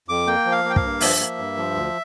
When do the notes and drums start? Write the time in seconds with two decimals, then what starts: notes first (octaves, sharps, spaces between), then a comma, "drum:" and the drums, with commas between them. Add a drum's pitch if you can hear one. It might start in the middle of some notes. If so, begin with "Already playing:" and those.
0.08 F2 D6
0.27 A#3 G5
0.45 F3
0.52 F5
0.64 A#3
0.70 G5
0.76 F5, drum: kick
0.82 G2
1.01 F3 E5, drum: open hi-hat
1.20 A#3
1.38 G2
1.57 F3
1.75 D2